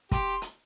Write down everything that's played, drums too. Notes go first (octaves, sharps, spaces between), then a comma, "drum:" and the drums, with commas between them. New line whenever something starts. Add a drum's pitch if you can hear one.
G4 C6, drum: kick, hi-hat
drum: hi-hat